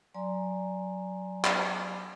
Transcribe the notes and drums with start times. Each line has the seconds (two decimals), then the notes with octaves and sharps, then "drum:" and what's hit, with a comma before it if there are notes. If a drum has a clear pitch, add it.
0.15 F#3 D5 G#5 A#5 C6
1.44 drum: clap